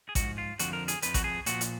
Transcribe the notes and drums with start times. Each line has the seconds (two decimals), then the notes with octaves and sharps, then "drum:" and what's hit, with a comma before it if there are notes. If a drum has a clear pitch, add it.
0.09 G#4
0.15 G#2 F3 F#4, drum: kick A1, hi-hat
0.38 F4
0.59 F2 D3 F3 F#4, drum: hi-hat
0.73 A#4
0.88 G#4, drum: hi-hat
1.02 F2 F3 B4, drum: hi-hat
1.14 F#4, drum: kick A1, hi-hat
1.24 G#4
1.46 A#2 F3 F#4, drum: hi-hat
1.61 drum: hi-hat